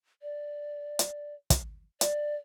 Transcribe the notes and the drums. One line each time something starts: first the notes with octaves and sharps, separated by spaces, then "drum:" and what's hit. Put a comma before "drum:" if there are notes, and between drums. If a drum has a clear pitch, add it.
D5
drum: hi-hat
drum: kick, hi-hat
D5, drum: hi-hat